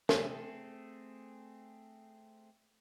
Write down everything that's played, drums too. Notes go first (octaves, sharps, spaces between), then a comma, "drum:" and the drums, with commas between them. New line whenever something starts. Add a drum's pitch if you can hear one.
A3 C4 G#4 A4, drum: snare